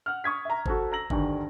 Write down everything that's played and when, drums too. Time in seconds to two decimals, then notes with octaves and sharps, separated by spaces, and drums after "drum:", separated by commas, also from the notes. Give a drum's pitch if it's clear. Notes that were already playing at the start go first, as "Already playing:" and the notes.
0.06 F#5 F6
0.24 C#6 D#6 G#6 B6
0.45 E5 A#5
0.66 F#4 A4 C5, drum: kick G1
0.92 A#5 E6 A#6 F#7
1.10 D2 G2 D3 D#3, drum: kick G1